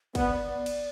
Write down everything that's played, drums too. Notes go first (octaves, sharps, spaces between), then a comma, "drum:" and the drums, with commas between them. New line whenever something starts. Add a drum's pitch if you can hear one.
B3 D5, drum: kick, cymbal
drum: cymbal